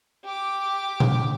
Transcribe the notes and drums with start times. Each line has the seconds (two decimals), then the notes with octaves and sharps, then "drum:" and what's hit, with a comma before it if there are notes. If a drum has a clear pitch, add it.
0.25 G4 D6
1.00 drum: tom A#2